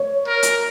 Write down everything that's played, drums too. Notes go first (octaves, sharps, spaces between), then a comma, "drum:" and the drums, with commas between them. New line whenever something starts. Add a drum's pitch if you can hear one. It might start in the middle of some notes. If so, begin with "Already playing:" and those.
Already playing: C#5
A#4
drum: hi-hat